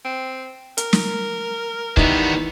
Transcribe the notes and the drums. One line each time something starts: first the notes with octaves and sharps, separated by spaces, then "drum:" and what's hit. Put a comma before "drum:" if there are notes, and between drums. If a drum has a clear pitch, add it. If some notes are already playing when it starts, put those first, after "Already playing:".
C4
A#4, drum: hi-hat
drum: snare
D#3 E3 G3 B3 D#4, drum: kick